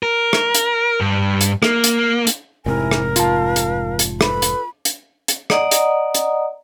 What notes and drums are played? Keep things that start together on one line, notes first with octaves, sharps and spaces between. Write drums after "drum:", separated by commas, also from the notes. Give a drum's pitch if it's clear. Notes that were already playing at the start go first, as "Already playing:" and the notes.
A#4
drum: rim click
drum: hi-hat
G2
drum: hi-hat
A#3, drum: rim click
drum: hi-hat
drum: hi-hat
F1 G#2 C3 E4 A#4 G#5
drum: rim click
F4 F5 A5, drum: hi-hat
drum: hi-hat
drum: hi-hat
A4 B4 B5, drum: rim click
drum: hi-hat
drum: hi-hat
drum: hi-hat
D5 D#5 F#5 A#5 D#6, drum: rim click
drum: hi-hat
drum: hi-hat